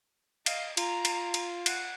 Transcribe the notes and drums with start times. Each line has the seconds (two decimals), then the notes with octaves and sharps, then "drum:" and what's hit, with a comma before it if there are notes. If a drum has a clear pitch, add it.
0.46 D#5 F5, drum: cymbal
0.77 F4 A#5, drum: cymbal
1.05 drum: cymbal
1.34 drum: cymbal
1.66 F#5, drum: cymbal